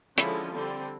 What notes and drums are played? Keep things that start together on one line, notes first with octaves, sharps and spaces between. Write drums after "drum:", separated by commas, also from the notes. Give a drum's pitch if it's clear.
D3 F3 G#3 C#4 E4, drum: hi-hat
D3 G3 C4